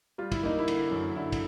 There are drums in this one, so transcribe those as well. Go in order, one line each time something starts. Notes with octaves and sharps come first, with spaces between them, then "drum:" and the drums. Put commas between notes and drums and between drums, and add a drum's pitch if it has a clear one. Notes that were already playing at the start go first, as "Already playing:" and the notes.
G3 F4
E4, drum: kick, cymbal
A#3 D#4
E4
D3, drum: cymbal
F#2
D3 E4
drum: kick, cymbal